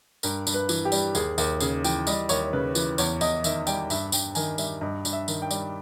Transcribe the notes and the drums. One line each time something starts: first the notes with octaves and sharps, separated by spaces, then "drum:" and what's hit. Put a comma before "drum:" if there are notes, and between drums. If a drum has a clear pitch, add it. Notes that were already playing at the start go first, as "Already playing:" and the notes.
G2 A#4, drum: tambourine
G2, drum: tambourine
B4
E3, drum: tambourine
G4
G3, drum: tambourine
D#2 G#4, drum: tambourine
D#2, drum: tambourine
C#3 G#4, drum: tambourine
E3 G5, drum: tambourine
G3 D#5, drum: tambourine
D#2 C#5, drum: tambourine
C#3 B4
E3 B4, drum: tambourine
E2 C#5, drum: tambourine
E2 D#5, drum: tambourine
D#3 E5, drum: tambourine
G3 G5, drum: tambourine
G2 E5, drum: tambourine
G2 G5, drum: tambourine
D#3 G#5, drum: tambourine
G3 E5, drum: tambourine
G2 D#5
G2, drum: tambourine
E5
D#3, drum: tambourine
G5
G3, drum: tambourine